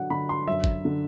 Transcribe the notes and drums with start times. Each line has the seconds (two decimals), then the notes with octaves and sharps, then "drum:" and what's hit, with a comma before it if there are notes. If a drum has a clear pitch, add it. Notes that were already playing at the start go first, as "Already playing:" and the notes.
Already playing: D3 F#3 F#5
0.10 D3 B5
0.29 C6
0.48 F#2 E5
0.64 drum: kick
0.85 D3